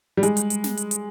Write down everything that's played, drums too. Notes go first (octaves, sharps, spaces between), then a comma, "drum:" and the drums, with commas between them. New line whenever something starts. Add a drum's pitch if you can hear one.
G3
G#3, drum: hi-hat
drum: hi-hat
drum: hi-hat
drum: snare
drum: hi-hat
drum: hi-hat